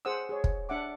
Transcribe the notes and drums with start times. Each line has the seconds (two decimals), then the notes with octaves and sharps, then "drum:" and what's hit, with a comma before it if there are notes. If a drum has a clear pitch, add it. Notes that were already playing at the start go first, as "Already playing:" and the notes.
0.05 G#4 C5 F#5 D#6 E6
0.29 G#4 C#5
0.44 drum: kick
0.69 D4 E5 F#5 D6